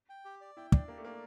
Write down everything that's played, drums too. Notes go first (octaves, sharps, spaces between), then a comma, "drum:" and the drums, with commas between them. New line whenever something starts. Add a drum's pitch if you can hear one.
G5
G4
D5
E4 G5
D4 D5, drum: kick
A#3 G4
A3
A#3 D5